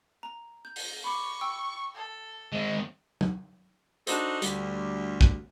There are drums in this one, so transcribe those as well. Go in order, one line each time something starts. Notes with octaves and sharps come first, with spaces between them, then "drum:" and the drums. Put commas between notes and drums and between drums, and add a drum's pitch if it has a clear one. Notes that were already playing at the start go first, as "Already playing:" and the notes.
A#5
G6
drum: open hi-hat
B5 C#6 D6
G5 E6
A4
G#3 C4
drum: tom
D4 D#4 F#4 A4 C5, drum: hi-hat
D2 G3, drum: hi-hat
drum: kick